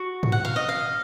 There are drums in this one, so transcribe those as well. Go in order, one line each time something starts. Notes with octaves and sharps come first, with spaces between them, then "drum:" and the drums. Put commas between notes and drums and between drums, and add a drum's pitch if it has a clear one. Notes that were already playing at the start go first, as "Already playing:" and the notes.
Already playing: F#4
drum: tom G#2
F#5
F5
D#5
F5